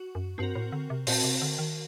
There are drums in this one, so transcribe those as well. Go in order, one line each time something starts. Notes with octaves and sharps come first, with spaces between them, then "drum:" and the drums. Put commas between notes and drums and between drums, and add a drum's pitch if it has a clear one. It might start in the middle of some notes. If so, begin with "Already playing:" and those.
Already playing: F#4
F#2
G2 C4 F#4 A#4
A2
D3
C3
A#2 C4 F#4 A#4, drum: open hi-hat
C3
D3
D#3